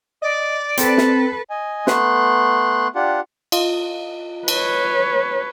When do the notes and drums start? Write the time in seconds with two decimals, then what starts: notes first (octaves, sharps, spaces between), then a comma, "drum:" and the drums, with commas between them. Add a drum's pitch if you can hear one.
0.22 D5 D#5
0.77 C4 A4 B4, drum: hi-hat
0.98 drum: snare
1.50 D#5 G#5
1.87 A3 B3 C6 F#6, drum: snare
2.95 D4 F4 G4 F#5
3.52 F4 D#5, drum: cymbal
4.48 B4 C#5, drum: cymbal